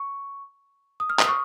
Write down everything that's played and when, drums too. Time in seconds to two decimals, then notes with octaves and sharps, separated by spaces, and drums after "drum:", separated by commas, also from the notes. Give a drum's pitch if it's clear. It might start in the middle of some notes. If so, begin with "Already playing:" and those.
Already playing: C#6
1.00 D#6
1.10 F6
1.19 D#6, drum: clap
1.28 C#6